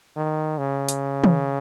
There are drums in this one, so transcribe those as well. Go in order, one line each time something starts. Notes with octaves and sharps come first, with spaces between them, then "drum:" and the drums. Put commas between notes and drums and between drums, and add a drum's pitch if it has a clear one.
D#3
C#3
drum: hi-hat
drum: tom